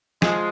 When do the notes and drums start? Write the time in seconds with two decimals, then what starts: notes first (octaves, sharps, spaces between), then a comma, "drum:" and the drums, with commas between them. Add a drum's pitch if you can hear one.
0.22 F3 G#3, drum: snare